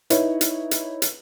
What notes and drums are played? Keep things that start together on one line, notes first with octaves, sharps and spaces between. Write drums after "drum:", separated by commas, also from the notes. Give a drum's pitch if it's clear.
D#4 E4 B4 C#5, drum: hi-hat
drum: hi-hat
drum: hi-hat
drum: hi-hat